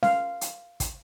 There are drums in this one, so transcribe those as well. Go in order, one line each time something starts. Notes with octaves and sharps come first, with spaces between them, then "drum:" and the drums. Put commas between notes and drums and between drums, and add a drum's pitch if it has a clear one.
F5, drum: snare C#4
drum: hi-hat
drum: kick, hi-hat